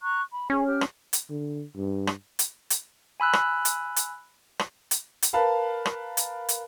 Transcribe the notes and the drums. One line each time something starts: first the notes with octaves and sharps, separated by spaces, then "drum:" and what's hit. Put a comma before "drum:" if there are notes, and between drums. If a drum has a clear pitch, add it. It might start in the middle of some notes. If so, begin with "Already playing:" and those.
A#5 C#6 F#6
B5
C#4 G#4
G4 F6
drum: rim click
drum: hi-hat
D3
G2
drum: rim click
drum: hi-hat
drum: hi-hat
G#5 B5 E6 F#6
drum: rim click
drum: hi-hat
drum: hi-hat
drum: rim click
drum: hi-hat
drum: hi-hat
A#4 B4 F5 A5 B5
drum: rim click
drum: hi-hat
drum: hi-hat